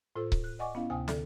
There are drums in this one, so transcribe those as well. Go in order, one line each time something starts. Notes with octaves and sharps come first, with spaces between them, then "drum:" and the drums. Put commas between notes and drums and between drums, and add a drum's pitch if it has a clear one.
A2 F4 A4 C5 E6
drum: kick C#1
F#6
D5 D#5 F#5 G#5 C#6 D6
B3 C#4 E4 F5
D2 C3 G5 G#5 D#6
D3 A4 D5 E5, drum: snare